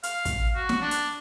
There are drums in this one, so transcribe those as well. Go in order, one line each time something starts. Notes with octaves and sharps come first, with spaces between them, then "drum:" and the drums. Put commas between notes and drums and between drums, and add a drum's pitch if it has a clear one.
F5, drum: hi-hat
drum: kick, hi-hat
F#4
drum: snare
D4
drum: hi-hat